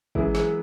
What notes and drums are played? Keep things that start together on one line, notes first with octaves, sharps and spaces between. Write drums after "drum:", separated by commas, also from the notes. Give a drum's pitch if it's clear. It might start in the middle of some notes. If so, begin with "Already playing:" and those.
F#2 E3 G#3 E4 G#4, drum: kick G#1
G#4 B4, drum: snare